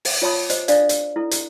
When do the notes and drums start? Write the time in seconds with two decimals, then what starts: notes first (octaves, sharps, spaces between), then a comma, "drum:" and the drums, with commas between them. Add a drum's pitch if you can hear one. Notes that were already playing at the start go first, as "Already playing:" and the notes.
0.05 drum: open hi-hat
0.22 F4 C#5 A5 B5 D#6
0.50 C5 D#5, drum: hi-hat
0.68 D4 A4 D5 F5, drum: hi-hat
0.89 drum: hi-hat
1.16 E4 A4
1.31 drum: hi-hat